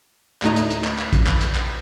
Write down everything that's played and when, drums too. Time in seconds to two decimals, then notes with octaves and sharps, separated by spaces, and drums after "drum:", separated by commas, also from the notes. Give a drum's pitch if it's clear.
0.42 D2 A2 A3 D#4 D#5 A#5, drum: clap
0.56 drum: hi-hat
0.70 drum: hi-hat
0.84 drum: clap
0.99 drum: clap
1.13 drum: kick, hi-hat
1.27 drum: clap
1.41 drum: hi-hat
1.55 drum: clap